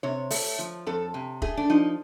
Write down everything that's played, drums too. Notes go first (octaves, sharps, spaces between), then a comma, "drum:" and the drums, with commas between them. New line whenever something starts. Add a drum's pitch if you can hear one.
C3 C#5
A3, drum: open hi-hat
F3
F2 A4
C3
A3 G#4, drum: kick
D4
F3 D#4